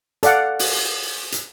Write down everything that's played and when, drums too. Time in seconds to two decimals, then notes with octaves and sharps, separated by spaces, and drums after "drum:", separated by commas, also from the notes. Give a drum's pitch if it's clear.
0.23 A4 D5 F5 F#5, drum: hi-hat
0.59 drum: open hi-hat
1.32 drum: hi-hat